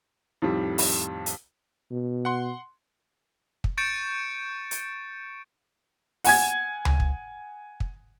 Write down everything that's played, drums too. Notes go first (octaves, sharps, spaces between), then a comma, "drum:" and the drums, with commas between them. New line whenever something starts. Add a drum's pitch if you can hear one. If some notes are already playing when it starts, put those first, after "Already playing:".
F2 A2 D#3 G3
drum: open hi-hat
drum: hi-hat
B2
F#5 C6
drum: kick
C#6 G6 A6 C#7 D7 E7
drum: hi-hat
F#5 G#5 G#6, drum: open hi-hat
drum: tom C#2
drum: kick
drum: kick